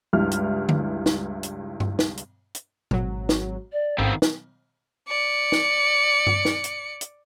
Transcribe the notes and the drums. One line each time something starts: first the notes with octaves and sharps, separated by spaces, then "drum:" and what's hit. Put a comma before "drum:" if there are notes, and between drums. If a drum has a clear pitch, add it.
C#2 G2 E4 F6
drum: hi-hat
drum: tom D3
drum: snare
drum: hi-hat
drum: tom G2
drum: snare
drum: hi-hat
drum: hi-hat
G#1 F#3, drum: tom A#2
drum: snare
D5
A1 G#2 D#3 B3 C4 F5
drum: snare
D5 C#7
drum: snare
drum: tom G2
drum: snare
drum: hi-hat
drum: hi-hat